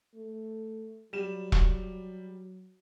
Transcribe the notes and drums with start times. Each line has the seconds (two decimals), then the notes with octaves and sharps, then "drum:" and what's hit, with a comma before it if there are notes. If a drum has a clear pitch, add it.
0.15 A3
1.13 F#3 G3 E7
1.52 drum: kick E1